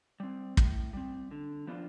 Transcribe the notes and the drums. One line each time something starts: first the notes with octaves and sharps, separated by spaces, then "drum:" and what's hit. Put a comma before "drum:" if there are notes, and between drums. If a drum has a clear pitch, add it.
G3 C4
A2, drum: kick
G3 C4
D3
F3 B3 D4 F4